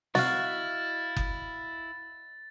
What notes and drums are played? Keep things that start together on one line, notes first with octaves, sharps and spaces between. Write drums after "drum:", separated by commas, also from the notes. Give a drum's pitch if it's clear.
E4 F#4 D#5 F5 A6, drum: snare
drum: kick F#1